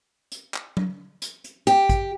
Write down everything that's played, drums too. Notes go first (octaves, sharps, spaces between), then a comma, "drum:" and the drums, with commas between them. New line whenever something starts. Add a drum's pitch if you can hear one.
drum: hi-hat
drum: clap
drum: tom F#3
drum: hi-hat
drum: hi-hat
G4, drum: hi-hat
drum: kick, hi-hat